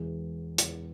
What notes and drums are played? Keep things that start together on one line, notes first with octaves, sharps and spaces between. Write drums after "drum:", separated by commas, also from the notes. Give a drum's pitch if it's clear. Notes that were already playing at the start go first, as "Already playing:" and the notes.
Already playing: E1 E2 E3 G#3
E1 E2 E3 G#3, drum: hi-hat